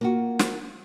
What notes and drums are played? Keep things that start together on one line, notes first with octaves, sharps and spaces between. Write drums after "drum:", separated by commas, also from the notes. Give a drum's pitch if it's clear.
A#3 F4 F#4
drum: snare